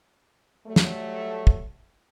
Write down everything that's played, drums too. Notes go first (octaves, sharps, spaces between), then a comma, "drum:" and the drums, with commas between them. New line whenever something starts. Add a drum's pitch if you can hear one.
F#3 G3 A3
drum: snare
drum: kick